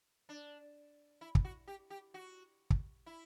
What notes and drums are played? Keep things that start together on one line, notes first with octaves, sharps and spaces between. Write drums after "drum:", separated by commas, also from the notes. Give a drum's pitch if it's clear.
D4
E4
drum: kick
F#4
G4
G4
F#4
drum: kick
E4